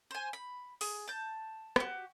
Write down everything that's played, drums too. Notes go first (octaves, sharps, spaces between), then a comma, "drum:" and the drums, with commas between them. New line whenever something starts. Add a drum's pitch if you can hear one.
C5 G#5
B5
G#4, drum: open hi-hat
A5 G6
F#4 G4, drum: rim click